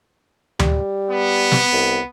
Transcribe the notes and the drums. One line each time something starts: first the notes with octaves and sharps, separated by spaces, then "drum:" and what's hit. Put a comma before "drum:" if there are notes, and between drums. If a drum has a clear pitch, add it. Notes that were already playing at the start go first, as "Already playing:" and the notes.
G3, drum: tom D2
B3
drum: snare
C2